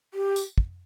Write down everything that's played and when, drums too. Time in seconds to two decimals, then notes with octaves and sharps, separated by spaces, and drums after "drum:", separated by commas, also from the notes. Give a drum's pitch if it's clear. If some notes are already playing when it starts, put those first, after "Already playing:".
0.14 G4
0.36 drum: tambourine
0.58 drum: kick